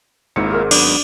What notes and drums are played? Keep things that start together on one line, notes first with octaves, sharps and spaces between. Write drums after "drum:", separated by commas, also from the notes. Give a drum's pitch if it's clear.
G#1 G#2 A#3 E4 F4 C#7
G#4 A#4 F6
F#3 B3 D4 D#6, drum: cymbal